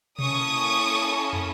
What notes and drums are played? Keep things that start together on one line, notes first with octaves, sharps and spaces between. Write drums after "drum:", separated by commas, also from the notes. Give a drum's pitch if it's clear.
A#3 C#4 E4 A4 C#6 D#6, drum: tom B2
drum: tom